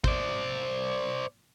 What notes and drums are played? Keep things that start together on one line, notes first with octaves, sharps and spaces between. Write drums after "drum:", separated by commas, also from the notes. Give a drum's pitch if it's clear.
C5 D5, drum: kick